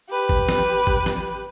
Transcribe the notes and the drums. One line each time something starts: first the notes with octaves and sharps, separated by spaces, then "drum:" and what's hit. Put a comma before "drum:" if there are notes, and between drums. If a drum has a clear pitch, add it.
G4 B4
drum: kick G#1
drum: snare
drum: kick G#1
drum: snare